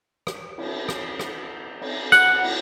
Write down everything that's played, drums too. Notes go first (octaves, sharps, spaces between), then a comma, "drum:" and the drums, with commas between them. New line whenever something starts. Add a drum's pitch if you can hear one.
drum: rim click
drum: cymbal
drum: rim click
drum: rim click
drum: cymbal
F#5, drum: rim click
drum: cymbal